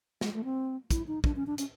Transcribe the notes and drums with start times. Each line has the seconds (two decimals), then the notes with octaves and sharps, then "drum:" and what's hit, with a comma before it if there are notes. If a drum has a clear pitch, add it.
0.21 G#3, drum: snare
0.34 A3
0.44 C4
0.91 E4, drum: kick, hi-hat
1.07 D#4
1.24 D4, drum: kick
1.36 C#4
1.47 D4
1.58 C#4, drum: hi-hat